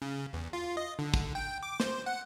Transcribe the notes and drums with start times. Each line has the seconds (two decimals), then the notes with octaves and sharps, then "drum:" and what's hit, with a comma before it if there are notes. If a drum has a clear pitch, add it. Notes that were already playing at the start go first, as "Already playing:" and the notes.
0.02 C#3
0.33 E2
0.53 F4
0.77 D#5
0.99 D3
1.14 drum: kick, tambourine
1.35 G5
1.63 D6
1.80 C5, drum: snare
2.06 F#5